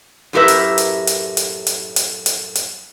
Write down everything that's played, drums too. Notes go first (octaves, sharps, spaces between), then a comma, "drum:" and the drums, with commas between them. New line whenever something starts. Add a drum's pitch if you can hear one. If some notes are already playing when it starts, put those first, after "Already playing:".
F#2 A2 G4 A#4 B4 E5
drum: hi-hat
drum: hi-hat
drum: hi-hat
drum: hi-hat
drum: hi-hat
drum: hi-hat
drum: hi-hat
drum: hi-hat